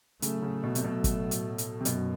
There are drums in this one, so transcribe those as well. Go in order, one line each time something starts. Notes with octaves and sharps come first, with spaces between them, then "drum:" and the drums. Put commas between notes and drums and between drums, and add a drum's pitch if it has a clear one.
A2 C#3 F#3 A3, drum: hi-hat
C#3
B2
C3, drum: hi-hat
B2
drum: kick, hi-hat
drum: hi-hat
drum: hi-hat
C3
F#2 B2, drum: hi-hat